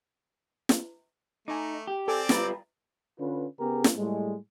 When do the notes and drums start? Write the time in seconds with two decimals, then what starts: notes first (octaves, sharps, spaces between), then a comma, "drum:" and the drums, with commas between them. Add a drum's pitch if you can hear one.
0.69 drum: snare
1.48 A3 D#4 G#5 A#5 D6
1.87 G4
2.08 C4 A4 D5 G#5
2.29 G3 F4 B4 A#5 A6, drum: snare
3.20 D3 C#4 F4 B4
3.60 C#3 B3 G4 G#4 A#4
3.84 drum: snare
3.97 A2 G3 G#3